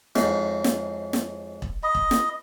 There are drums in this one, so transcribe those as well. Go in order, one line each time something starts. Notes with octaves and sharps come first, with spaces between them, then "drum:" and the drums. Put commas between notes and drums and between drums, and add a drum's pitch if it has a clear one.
F2 G#2 E4 C#5 E5, drum: snare
drum: snare
drum: snare
drum: kick E1
D#5 B5
drum: kick E1
drum: snare